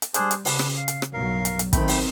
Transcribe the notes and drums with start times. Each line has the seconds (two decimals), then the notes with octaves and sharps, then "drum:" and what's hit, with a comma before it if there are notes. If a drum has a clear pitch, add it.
0.02 drum: hi-hat
0.14 G3 D4 G#4 C5, drum: hi-hat
0.31 drum: hi-hat
0.45 C#3 B3 D4, drum: open hi-hat
0.59 drum: rim click
0.77 F5
0.88 drum: hi-hat
1.02 drum: rim click
1.13 B1 G2 F#3 A#4 F5
1.45 drum: hi-hat
1.59 drum: hi-hat
1.73 D#3 A3 C4 G5 B5, drum: kick, hi-hat
1.88 drum: open hi-hat